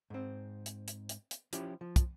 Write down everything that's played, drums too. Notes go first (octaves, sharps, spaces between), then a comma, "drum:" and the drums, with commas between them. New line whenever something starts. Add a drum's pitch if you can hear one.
G#2 C4
drum: hi-hat
drum: hi-hat
drum: hi-hat
drum: hi-hat
F3 C#4 E4 G4, drum: hi-hat
F3
drum: kick, hi-hat